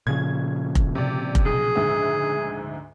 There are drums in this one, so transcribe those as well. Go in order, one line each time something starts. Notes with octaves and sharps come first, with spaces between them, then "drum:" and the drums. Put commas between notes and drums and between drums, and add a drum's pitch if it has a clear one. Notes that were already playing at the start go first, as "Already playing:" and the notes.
A#2 C#3 F3 G#6
drum: kick F1
C3 D5
drum: kick F1
B1 G#4
D2 G#2 E5